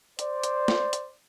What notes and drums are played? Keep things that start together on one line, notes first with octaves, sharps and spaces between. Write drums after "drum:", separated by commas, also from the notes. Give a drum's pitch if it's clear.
C5 D5, drum: hi-hat
drum: hi-hat
drum: snare
drum: hi-hat